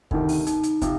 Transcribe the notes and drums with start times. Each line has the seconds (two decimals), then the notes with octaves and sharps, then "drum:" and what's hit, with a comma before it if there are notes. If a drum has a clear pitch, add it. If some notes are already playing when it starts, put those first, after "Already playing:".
0.11 D2 C3 D#3 D#4, drum: kick
0.29 drum: open hi-hat
0.47 D#4, drum: hi-hat
0.63 D#4, drum: hi-hat
0.82 C3 F3, drum: kick, hi-hat